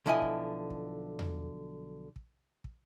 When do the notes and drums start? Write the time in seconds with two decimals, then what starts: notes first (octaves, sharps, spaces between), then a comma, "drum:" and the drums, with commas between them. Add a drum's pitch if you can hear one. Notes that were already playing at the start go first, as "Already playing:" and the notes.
0.06 B1 D3 F3 E4 D#5 G#5
0.22 drum: kick
0.70 drum: kick
1.19 drum: tom E2
2.16 drum: kick
2.64 drum: kick